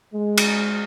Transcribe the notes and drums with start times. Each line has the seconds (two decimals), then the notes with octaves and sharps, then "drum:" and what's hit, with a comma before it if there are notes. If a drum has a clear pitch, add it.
0.14 G#3
0.38 drum: cymbal